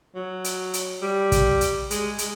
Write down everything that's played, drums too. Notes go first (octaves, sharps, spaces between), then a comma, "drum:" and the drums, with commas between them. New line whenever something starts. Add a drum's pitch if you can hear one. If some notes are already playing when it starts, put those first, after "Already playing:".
F#3
drum: hi-hat
drum: hi-hat
G3
drum: kick, hi-hat
drum: hi-hat
G#3, drum: hi-hat
G#3, drum: hi-hat